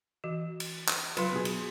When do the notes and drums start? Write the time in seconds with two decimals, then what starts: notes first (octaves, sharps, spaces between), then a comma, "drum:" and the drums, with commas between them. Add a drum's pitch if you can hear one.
0.24 E3 F#4
0.60 drum: cymbal
0.88 drum: clap
1.17 F#3 F4 B4 C6, drum: cymbal
1.32 B2 G#4
1.45 drum: cymbal